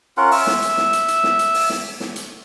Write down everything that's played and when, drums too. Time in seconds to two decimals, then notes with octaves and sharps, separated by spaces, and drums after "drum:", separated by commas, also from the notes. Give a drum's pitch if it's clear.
0.17 C#4 F4 A#4 F#5
0.31 E5, drum: open hi-hat
0.47 drum: snare
0.62 drum: hi-hat
0.78 drum: snare
0.93 drum: hi-hat
1.08 drum: hi-hat
1.24 drum: snare
1.39 drum: hi-hat
1.54 drum: open hi-hat
1.70 drum: snare
2.00 drum: snare
2.16 drum: hi-hat